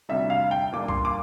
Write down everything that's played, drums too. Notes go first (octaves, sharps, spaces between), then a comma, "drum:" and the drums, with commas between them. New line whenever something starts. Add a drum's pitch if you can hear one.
D2 C3 G3 E5
F5
G5
A#2 G3 A#3 D4 D6
C6, drum: kick
D6